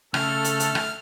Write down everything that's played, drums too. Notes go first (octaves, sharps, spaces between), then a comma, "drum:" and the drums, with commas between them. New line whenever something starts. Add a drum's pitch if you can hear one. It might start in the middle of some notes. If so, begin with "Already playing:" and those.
C#3 A3 A4 F6, drum: rim click
drum: hi-hat
drum: hi-hat
drum: rim click